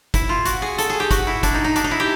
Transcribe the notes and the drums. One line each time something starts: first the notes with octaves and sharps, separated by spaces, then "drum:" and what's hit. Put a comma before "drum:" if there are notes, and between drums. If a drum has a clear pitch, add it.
E4, drum: kick, hi-hat
F4
F#4, drum: hi-hat
G#4
A4, drum: hi-hat
G#4
G4
F#4, drum: kick, hi-hat
E4
D4, drum: kick, hi-hat
D#4
D#4
D4, drum: hi-hat
D#4
E4
G4